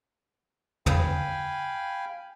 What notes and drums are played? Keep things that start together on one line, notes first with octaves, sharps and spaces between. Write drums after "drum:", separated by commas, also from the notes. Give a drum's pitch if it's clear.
F5 G5 G#5 B5, drum: tom